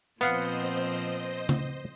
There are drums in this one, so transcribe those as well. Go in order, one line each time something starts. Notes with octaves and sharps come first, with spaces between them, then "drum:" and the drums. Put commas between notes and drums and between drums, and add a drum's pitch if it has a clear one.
A#2 F3 B3 C4 C5 D#5 F5 F#5, drum: hi-hat
drum: tom C#3